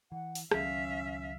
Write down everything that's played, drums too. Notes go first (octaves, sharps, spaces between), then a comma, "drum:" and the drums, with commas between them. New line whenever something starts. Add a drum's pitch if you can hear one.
E3 F#5
drum: open hi-hat
C#2 D#3 F#3 C#4 E5 F5, drum: rim click